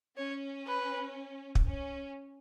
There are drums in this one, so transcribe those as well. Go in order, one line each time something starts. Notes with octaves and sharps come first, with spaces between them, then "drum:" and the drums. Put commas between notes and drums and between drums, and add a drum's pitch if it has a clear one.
C#4 C#5
B4
drum: kick
C#4